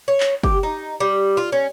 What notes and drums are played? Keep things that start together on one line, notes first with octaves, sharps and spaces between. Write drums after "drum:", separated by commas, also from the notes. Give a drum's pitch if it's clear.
C#5
drum: clap
G4, drum: kick
D#4
G3
F4
C#4